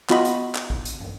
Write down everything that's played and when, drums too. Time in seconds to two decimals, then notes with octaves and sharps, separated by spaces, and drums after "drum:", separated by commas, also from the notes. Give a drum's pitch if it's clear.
0.10 B3 F4 F#4 D#5 B5, drum: clap
0.25 drum: hi-hat
0.55 drum: clap
0.70 drum: kick
0.85 drum: hi-hat
1.00 drum: tom